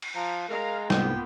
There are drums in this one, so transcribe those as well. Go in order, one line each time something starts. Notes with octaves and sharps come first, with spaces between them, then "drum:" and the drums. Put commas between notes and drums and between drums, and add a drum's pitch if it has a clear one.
drum: cymbal
F3 A#5
G#3 A#4 F5 A#5
C2 G#2 A#3 B3 F4 G5, drum: snare